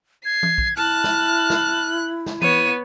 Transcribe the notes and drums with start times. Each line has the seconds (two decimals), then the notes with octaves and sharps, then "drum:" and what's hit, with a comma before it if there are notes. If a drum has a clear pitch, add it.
0.25 G#6 C7
0.43 drum: tom E3
0.58 drum: kick
0.77 E4 A5 F6 F#6
1.04 drum: snare
1.50 drum: snare
2.26 drum: snare
2.42 B3 C#5 D#7, drum: tom E3